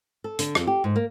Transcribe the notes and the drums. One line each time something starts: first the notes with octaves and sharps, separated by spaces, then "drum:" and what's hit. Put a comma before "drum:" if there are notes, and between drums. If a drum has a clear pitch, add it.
A4
D3, drum: hi-hat
F2, drum: rim click
G4
G#2
A#3